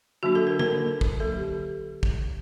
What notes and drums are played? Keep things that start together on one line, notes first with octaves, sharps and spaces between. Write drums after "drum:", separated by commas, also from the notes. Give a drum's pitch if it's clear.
D3 F#3 A#3 D4 F#4
A4
A#4
A#4, drum: tom D3
D3 F#3 A#3 D4
drum: kick
D3 F#3 A#3 D4 A4
G4
drum: kick